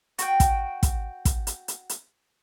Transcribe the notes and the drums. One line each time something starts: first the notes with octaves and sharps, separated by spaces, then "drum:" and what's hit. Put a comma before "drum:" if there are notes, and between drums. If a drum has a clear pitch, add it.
F#4 G5, drum: hi-hat
drum: kick, hi-hat
drum: kick, hi-hat
drum: kick, hi-hat
drum: hi-hat
drum: hi-hat
drum: hi-hat